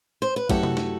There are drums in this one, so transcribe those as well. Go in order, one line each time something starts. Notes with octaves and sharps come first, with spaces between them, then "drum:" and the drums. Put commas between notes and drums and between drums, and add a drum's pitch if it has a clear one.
C5
B4
F#2 F#3 A3 E4 F#4 G4 A4, drum: kick, cymbal
drum: tom C3
drum: snare